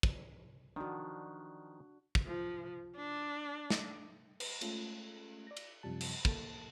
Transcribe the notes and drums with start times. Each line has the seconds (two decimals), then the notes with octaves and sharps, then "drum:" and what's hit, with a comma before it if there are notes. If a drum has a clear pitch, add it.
0.03 drum: kick
0.76 D#3 F3 D4 F#4
2.15 drum: kick
2.26 F3
2.96 D4
3.70 drum: snare
4.40 B4, drum: cymbal
4.61 G#3 A3 C#4 F4 A4, drum: cymbal
5.47 D5 A#6
5.57 drum: cymbal
5.83 F#2 C3 F3 G3 A5
6.01 drum: cymbal
6.25 A#3 A4 A5, drum: kick